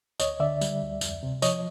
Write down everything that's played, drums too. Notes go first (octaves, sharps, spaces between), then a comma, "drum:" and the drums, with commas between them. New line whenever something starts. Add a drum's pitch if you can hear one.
D2 C#5 D#5, drum: tambourine
D3 D5 E5
G3, drum: tambourine
D2
F2, drum: tambourine
C3
F3 C#5 D#5, drum: tambourine